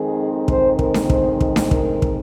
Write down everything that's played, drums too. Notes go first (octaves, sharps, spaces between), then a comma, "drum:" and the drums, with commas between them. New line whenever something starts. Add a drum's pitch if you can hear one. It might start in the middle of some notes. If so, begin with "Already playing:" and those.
Already playing: F2 D#3 G#3 C4 D#4 G#4
C5, drum: kick
A#4, drum: kick
drum: snare D4
C5, drum: kick
drum: kick
drum: snare D4
A#4, drum: kick
drum: kick